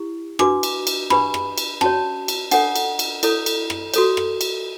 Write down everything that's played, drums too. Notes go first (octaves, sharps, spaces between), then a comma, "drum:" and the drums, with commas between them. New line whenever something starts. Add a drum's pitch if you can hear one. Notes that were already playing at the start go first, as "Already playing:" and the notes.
Already playing: E4 G4
D4 F#4 B4 D6, drum: rim click
drum: cymbal
drum: cymbal
D4 G4 B4 B5, drum: rim click
drum: rim click
drum: cymbal
C#4 F#4 C#5 A5, drum: rim click
drum: cymbal
D4 A4 C#5 F#5, drum: cymbal
drum: cymbal
drum: cymbal
E4 A4 C#5, drum: cymbal
drum: cymbal
drum: rim click
F#4 A4 C#5, drum: cymbal
drum: rim click
drum: cymbal